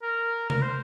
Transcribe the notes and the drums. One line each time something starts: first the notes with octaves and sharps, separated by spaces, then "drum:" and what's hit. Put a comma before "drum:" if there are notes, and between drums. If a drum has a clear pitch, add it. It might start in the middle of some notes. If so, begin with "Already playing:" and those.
A#4
A#4, drum: tom C3
C5